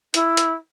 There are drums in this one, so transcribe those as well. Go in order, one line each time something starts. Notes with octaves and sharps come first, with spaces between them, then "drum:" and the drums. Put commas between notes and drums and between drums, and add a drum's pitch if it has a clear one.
E4, drum: hi-hat
drum: hi-hat